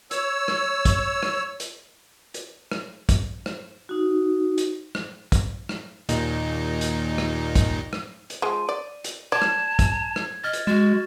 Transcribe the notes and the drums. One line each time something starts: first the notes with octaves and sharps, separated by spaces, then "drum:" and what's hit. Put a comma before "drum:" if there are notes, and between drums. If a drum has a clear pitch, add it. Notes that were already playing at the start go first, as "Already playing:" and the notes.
C#5 E6, drum: hi-hat
drum: rim click
drum: kick, hi-hat
drum: rim click
drum: hi-hat
drum: hi-hat
drum: rim click
drum: kick, hi-hat
drum: rim click
D#4 F#4
drum: hi-hat
drum: rim click
drum: kick, hi-hat
drum: rim click
D#2 A#2 D#4, drum: hi-hat
drum: hi-hat
drum: rim click
drum: kick, hi-hat
drum: rim click
drum: hi-hat
F3 G#3 D#7
D5
drum: hi-hat
D5 A5 G#6
drum: rim click
drum: kick, hi-hat
drum: rim click
D#5 F6 A6
drum: hi-hat
G#3 F#4 A6 E7